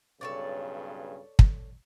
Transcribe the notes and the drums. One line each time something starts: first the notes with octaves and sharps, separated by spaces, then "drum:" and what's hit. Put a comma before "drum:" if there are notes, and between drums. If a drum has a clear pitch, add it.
B1 G2 C#3 A4 C#5 D5
drum: kick